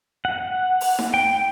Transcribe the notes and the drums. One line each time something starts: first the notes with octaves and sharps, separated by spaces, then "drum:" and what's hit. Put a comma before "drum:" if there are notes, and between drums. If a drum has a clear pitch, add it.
F#5
drum: open hi-hat
drum: snare D#4
G5